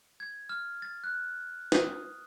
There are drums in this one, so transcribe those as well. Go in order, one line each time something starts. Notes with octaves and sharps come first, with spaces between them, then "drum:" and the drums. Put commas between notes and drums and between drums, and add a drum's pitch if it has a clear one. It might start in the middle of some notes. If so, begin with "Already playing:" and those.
G#6
F6
A6
F#6
D#6, drum: snare